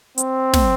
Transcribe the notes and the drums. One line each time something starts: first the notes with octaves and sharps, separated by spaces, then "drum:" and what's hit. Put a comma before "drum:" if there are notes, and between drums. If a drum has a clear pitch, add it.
C4, drum: hi-hat
drum: snare